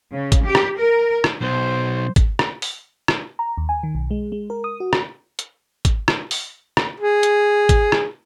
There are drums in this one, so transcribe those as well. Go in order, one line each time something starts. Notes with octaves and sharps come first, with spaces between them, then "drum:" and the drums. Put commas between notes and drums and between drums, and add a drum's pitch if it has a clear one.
C#3
drum: kick, hi-hat
G4
drum: rim click
A#4
drum: rim click
B1 C5
drum: kick, hi-hat
drum: rim click
drum: open hi-hat
drum: rim click
A#5
D#2
G#5
D#3
B1
G#3
G#3
A#4
D#6
F#4
drum: rim click
drum: hi-hat
drum: kick, hi-hat
drum: rim click
drum: open hi-hat
drum: rim click
G#4
drum: hi-hat
drum: kick, hi-hat
drum: rim click